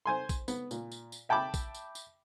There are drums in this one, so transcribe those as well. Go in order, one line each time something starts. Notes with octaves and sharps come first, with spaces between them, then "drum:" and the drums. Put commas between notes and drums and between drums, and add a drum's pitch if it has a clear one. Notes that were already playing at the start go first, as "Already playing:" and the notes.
C5 G#5 C6
drum: kick A#1, tambourine
B3, drum: tambourine
A#2, drum: tambourine
drum: tambourine
drum: tambourine
E5 G5 A5 B5 D6
drum: kick A#1, tambourine
drum: tambourine
drum: tambourine